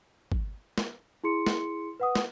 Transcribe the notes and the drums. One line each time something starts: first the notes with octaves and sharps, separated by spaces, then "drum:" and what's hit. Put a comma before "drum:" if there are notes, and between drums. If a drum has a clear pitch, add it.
drum: kick
drum: snare
E4 G#4 C6 C#7
drum: snare
B4 F#5 D#6
drum: snare